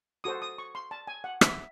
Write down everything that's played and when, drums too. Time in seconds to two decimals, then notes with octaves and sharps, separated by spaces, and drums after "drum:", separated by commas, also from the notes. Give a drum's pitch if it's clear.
0.24 F#4 A4 C5 D#6
0.42 D#6
0.58 C#6
0.75 C6
0.91 A5
1.07 G#5
1.24 F#5
1.41 E5, drum: rim click